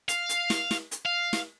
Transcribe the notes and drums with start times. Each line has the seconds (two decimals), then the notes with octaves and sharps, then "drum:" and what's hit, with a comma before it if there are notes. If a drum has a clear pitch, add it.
0.09 F5, drum: hi-hat
0.29 drum: hi-hat
0.50 drum: snare
0.71 drum: snare
0.91 drum: hi-hat
1.05 F5
1.33 drum: snare